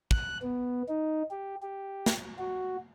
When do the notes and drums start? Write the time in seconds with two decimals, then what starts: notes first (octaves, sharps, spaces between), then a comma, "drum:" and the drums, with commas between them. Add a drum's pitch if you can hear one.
0.11 F#6, drum: kick
0.42 B3
0.88 D#4
1.31 G4
1.63 G4
2.06 drum: snare
2.39 F#4